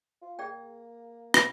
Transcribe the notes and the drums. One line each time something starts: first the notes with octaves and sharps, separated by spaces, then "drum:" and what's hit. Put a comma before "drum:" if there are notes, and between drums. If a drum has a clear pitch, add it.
F4
A#3 G#4 D5 G5
drum: rim click